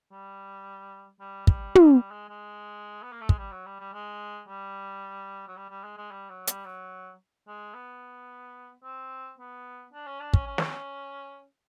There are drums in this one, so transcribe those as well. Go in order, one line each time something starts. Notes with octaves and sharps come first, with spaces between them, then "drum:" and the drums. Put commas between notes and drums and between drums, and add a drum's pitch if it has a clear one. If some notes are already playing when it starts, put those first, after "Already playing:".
G3
G3
G3, drum: kick
G3, drum: tom
G3
G#3
G#3
B3
A#3
A3
G#3, drum: kick
G3
F#3
G3
G3
G#3
G3
F#3
G3
G3
G#3
G#3
G3
F#3
G3, drum: hi-hat
F#3
G#3
B3
C4
B3
D4
C#4
D4
C#4, drum: kick
C#4
drum: snare